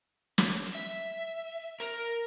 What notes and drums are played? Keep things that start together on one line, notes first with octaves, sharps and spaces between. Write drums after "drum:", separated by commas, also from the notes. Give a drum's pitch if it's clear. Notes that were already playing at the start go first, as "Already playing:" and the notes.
drum: snare
drum: hi-hat
E5
A#4, drum: hi-hat